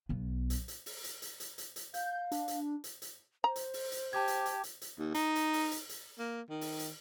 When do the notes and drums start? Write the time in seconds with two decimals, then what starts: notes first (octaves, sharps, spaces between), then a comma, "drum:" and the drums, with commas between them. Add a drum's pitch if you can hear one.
0.09 B1 B3
0.50 drum: hi-hat
0.68 drum: hi-hat
0.86 drum: open hi-hat
1.04 drum: hi-hat
1.22 drum: hi-hat
1.40 drum: hi-hat
1.58 drum: hi-hat
1.76 drum: hi-hat
1.94 F5 G6, drum: hi-hat
2.32 D4, drum: hi-hat
2.48 drum: hi-hat
2.84 drum: hi-hat
3.02 drum: hi-hat
3.44 C5 A#5
3.56 drum: hi-hat
3.74 drum: open hi-hat
3.92 drum: hi-hat
4.13 G4 A5 D6 G#6
4.28 drum: hi-hat
4.45 drum: hi-hat
4.63 drum: hi-hat
4.81 drum: hi-hat
4.99 D#2
5.14 D#4, drum: hi-hat
5.35 drum: hi-hat
5.53 drum: open hi-hat
5.71 drum: hi-hat
5.89 drum: hi-hat
6.19 A#3
6.50 D#3
6.61 drum: open hi-hat
6.79 drum: hi-hat